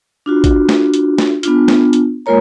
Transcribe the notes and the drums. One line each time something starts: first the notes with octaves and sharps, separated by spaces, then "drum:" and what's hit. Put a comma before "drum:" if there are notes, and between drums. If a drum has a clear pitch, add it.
D4 F4 F#4
drum: kick, hi-hat
drum: snare
drum: hi-hat
drum: snare
B3 D4 F4, drum: hi-hat
drum: snare
drum: hi-hat
G#3 A#3 F4 A#4 C#5 A#5